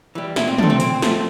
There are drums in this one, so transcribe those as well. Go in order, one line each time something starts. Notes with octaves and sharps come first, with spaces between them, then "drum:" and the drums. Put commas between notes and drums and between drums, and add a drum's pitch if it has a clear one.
E3 G3
A#2 E4, drum: snare
C4
F3 A3 D4, drum: tom
C4
A#2 C4, drum: hi-hat
F3 A3, drum: snare